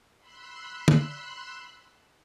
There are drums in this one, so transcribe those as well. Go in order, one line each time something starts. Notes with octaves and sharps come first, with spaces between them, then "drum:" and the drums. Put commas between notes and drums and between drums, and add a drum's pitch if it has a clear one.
B5 C6 E6 F#6
drum: tom